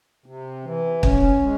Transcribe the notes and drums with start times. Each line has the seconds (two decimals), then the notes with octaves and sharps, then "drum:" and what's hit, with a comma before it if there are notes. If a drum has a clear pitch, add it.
0.26 C3
0.64 E3
1.03 C#4, drum: kick
1.42 G#3